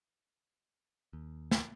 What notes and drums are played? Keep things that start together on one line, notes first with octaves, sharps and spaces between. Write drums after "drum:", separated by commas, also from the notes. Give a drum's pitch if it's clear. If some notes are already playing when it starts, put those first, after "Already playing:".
D#2
drum: snare